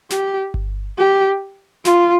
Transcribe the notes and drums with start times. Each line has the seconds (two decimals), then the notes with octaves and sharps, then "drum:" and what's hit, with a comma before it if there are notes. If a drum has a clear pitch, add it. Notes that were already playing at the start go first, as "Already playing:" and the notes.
0.10 G4, drum: snare
0.54 drum: kick G1
0.98 G4
1.85 F4, drum: snare